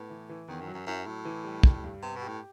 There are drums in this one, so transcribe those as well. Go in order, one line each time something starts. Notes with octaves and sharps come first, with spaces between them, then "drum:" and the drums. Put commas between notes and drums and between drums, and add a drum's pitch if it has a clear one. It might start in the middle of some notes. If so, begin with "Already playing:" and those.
Already playing: A2 B3
E3
E3
E2 D#3
F#2
F#3
F#2
F#2 E4
A2 F#3
E3
G3
G3, drum: kick
G2
C3 B3
B2
G4
A2